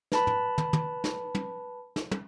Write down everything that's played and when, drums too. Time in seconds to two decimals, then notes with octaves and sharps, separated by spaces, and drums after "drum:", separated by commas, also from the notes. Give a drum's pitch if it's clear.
0.12 B4 A5 B5, drum: snare
0.27 drum: tom
0.58 drum: tom
0.73 drum: tom
1.04 drum: snare
1.35 drum: tom
1.96 drum: snare
2.11 drum: tom